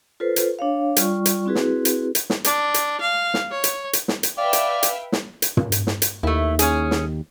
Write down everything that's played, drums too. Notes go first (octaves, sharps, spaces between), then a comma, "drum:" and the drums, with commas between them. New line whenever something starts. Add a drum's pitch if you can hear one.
F4 A4 B4 C5
drum: hi-hat
D4 C#5 F5
G3 F4 D5 C#6, drum: hi-hat
drum: hi-hat
C4 E4 F#4 G#4 B4
drum: snare
drum: hi-hat
drum: hi-hat
drum: snare
D4, drum: hi-hat
drum: hi-hat
F5
drum: snare
C#5
drum: hi-hat
drum: hi-hat
drum: snare
drum: hi-hat
B4 D5 E5 F5 G5
drum: hi-hat
drum: hi-hat
drum: snare
drum: hi-hat
drum: tom
drum: hi-hat
drum: snare
drum: hi-hat
D#2 A3 E4
C#4 G#4, drum: hi-hat
drum: snare